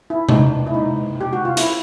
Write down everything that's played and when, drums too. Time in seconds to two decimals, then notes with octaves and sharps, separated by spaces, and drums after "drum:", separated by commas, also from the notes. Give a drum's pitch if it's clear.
0.10 E4
0.29 D#4, drum: tom C3
0.46 D4
0.67 E4
0.74 D#4
1.21 G4
1.33 F#4
1.45 F4
1.57 E4, drum: hi-hat